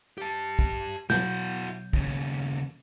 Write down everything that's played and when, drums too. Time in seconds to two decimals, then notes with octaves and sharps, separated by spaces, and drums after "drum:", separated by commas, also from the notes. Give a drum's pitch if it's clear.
0.18 G4 A5
0.59 drum: kick
1.10 B2 F#3 E4 F#4 G6, drum: snare
1.93 D#2 C#3, drum: kick